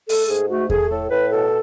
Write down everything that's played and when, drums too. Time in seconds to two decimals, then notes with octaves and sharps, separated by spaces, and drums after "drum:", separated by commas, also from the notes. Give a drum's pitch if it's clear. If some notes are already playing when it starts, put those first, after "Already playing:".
0.09 A3 A4, drum: open hi-hat
0.29 G#2 G#4
0.49 A3 F#4
0.70 A3 G#4, drum: kick E2
0.90 A2 A4
1.10 A2 B4
1.31 B2 A4